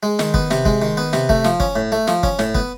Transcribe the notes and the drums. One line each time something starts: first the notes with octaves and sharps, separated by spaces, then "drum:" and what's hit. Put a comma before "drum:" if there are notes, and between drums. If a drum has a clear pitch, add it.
G#3
D#3, drum: snare
B3, drum: kick
C3, drum: snare
G#3, drum: kick
D#3
B3
C3, drum: snare
A3, drum: kick
F3, drum: snare
C#4, drum: kick
A2
A3
F3, drum: snare
C#4, drum: kick
A2, drum: snare
B3, drum: kick